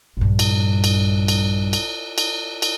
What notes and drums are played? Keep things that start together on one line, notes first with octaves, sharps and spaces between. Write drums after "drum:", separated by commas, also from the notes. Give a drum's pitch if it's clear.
A#1 G2
drum: cymbal
drum: cymbal
drum: cymbal
drum: cymbal
drum: cymbal
drum: cymbal